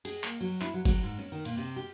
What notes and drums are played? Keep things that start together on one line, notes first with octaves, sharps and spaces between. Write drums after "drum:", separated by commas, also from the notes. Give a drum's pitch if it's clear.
G#4, drum: cymbal
A#3, drum: clap
F#3
E4, drum: clap
F#3
F#3, drum: kick F#1, cymbal
G#2
C#4
D#3
A#2, drum: cymbal
C3
G4